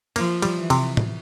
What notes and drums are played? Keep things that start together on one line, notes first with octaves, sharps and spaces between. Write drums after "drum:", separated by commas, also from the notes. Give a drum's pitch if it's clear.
F3 A#3, drum: cymbal
G3, drum: cymbal
E3
C3, drum: cymbal
drum: tom